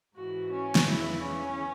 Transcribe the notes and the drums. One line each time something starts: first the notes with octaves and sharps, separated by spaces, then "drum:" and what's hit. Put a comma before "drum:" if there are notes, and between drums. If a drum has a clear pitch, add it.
G#2 E3 F#4
C#4
drum: snare
E2 C#3 E3 E4
C#4